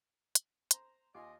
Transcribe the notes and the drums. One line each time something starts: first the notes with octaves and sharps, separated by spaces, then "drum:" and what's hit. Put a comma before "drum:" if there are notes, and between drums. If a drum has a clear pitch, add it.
drum: hi-hat
C5 A#5, drum: hi-hat
D#2 F4 D#5 G#5 C6 D6